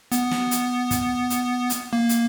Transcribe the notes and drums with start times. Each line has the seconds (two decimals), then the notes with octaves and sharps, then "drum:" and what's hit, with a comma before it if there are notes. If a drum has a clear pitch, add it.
0.12 B3, drum: hi-hat
0.31 drum: snare
0.51 drum: hi-hat
0.91 drum: kick, hi-hat
1.30 drum: hi-hat
1.70 drum: hi-hat
1.93 A#3
2.09 drum: hi-hat